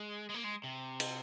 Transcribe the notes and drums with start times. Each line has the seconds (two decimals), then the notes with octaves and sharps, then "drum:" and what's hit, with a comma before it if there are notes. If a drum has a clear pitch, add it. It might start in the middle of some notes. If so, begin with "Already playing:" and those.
Already playing: G#3
0.29 G#3
0.34 A#3
0.44 G#3
0.64 C3
1.00 drum: cymbal